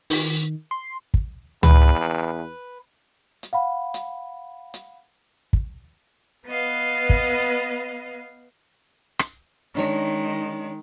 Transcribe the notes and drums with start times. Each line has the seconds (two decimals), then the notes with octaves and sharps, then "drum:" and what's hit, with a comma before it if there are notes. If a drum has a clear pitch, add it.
0.10 D#3, drum: open hi-hat
0.71 C6
1.14 drum: kick
1.63 E2 B4, drum: tom C#2
3.43 drum: hi-hat
3.53 F5 F#5 B5
3.94 drum: hi-hat
4.74 drum: hi-hat
5.53 drum: kick
6.47 B3 B4 D#5 F5
7.09 drum: kick
9.19 drum: rim click
9.75 D#3 G#3 C#4 D4 C#5